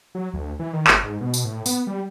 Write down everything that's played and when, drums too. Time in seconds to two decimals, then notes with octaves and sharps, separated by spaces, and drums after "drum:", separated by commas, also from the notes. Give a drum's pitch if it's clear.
0.15 F#3
0.34 D2
0.59 E3
0.73 D#3
0.87 G1, drum: clap
1.03 G#2
1.21 B2
1.34 drum: tambourine
1.45 A2
1.66 B3, drum: tambourine
1.87 G3